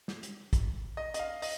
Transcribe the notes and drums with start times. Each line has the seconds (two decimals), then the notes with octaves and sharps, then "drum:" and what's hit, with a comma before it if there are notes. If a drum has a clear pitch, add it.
0.08 drum: snare
0.23 drum: hi-hat
0.53 drum: kick, hi-hat
0.97 D#5
1.14 D#5, drum: hi-hat
1.19 F5
1.42 D#5, drum: open hi-hat